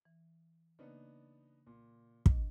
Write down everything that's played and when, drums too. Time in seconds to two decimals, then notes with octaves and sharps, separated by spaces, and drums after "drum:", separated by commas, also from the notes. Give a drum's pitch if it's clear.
0.05 E3
0.79 C#3 A#3 B3 D4 D#4
1.67 A#2
2.26 D4 D#5, drum: kick